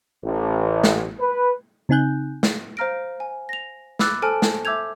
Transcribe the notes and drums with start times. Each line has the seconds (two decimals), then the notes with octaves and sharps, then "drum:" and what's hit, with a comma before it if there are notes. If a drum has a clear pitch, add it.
0.24 A1
0.84 drum: snare
1.19 B4
1.89 C#3 C4 D#4 G#5 F#6 G6
2.43 drum: snare
2.77 C5 F5 A#5 F6 A#6 D7
3.20 G#5
3.49 A#6 F7
3.99 B5 D6 E6 F#6 A6, drum: snare
4.22 A4 C5 G#5 A5 F6 D7
4.42 drum: snare
4.65 E5 D6 E6 G6 G#6 F7